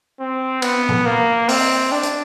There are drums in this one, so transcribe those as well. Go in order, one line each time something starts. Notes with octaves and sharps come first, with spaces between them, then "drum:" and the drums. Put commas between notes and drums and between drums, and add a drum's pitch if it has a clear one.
C4
B3, drum: cymbal
drum: tom A#2
A#3
C4, drum: open hi-hat
D4
drum: hi-hat